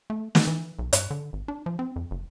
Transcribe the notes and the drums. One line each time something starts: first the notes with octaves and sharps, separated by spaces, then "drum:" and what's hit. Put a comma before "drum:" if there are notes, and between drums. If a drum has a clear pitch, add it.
A3
B3, drum: snare
E3
B1
G2, drum: hi-hat
D3
G#1
D4
F3
C4
F2
F#1